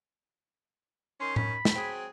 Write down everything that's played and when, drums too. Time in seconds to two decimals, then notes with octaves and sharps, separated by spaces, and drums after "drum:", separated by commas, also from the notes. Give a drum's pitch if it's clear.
1.21 D#3 C#4 C6
1.36 B5, drum: tom A2
1.65 drum: snare
1.75 F#3 C4 G#4